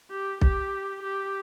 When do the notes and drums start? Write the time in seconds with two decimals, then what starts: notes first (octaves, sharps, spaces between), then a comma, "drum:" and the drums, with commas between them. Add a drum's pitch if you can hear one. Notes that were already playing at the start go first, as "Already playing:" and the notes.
0.10 G4
0.41 G4, drum: kick B1
1.03 G4